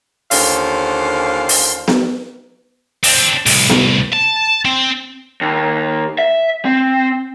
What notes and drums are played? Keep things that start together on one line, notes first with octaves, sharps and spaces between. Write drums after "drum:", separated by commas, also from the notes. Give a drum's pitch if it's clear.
D#2 D3 C#4 F4 C5 F5, drum: open hi-hat
drum: open hi-hat
drum: snare B3
C4 D4, drum: open hi-hat
C2 A2, drum: open hi-hat
drum: snare B3
A5
C4
D#2
E5
C4